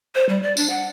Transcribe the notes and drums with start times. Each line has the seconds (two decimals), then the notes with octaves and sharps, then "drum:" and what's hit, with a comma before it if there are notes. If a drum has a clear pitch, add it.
0.15 C5
0.29 G3
0.43 D5
0.57 D4, drum: tambourine
0.70 F#5